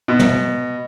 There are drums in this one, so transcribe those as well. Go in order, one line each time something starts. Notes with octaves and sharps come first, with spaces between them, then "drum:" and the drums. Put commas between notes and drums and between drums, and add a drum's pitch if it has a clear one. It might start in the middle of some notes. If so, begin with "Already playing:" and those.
B2
drum: tom